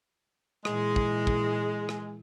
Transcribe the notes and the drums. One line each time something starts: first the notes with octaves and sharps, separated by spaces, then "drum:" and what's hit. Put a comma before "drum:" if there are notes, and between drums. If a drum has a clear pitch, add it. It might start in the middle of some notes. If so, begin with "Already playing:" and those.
A#2 E3 G#3, drum: rim click
drum: kick
drum: kick
drum: rim click